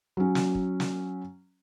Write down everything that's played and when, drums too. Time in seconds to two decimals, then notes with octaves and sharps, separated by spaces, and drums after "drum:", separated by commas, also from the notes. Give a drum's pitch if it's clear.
0.17 F#3 C#4
0.35 drum: snare
0.55 drum: kick
0.80 drum: snare